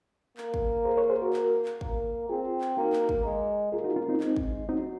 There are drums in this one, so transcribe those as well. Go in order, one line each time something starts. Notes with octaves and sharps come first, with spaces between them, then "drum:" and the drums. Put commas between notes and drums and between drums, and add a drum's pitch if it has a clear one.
A#3, drum: clap
drum: kick
G#4 C5
A#4 C#5
G#4 C5
F#4 A#4
drum: clap
drum: clap
A#3, drum: kick
C4 F4 G#4
drum: clap
A#3 D#4 F#4
drum: clap
drum: kick
G#3
A#3 F4 G#4
D#4 F#4
C#4 F4
C4 D#4
G#3 C4 D#4, drum: clap
drum: kick
F#3 C4 D#4